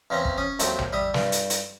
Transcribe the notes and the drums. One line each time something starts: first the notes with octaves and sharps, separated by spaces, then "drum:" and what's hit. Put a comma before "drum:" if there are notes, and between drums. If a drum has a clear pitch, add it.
E2 C#3 C4 C#4 A#5
drum: kick
C#4 D#6
D#2 F#3 A3 C4, drum: hi-hat
drum: tom A#1
G3 E5 D#6
G2, drum: snare
drum: hi-hat
drum: hi-hat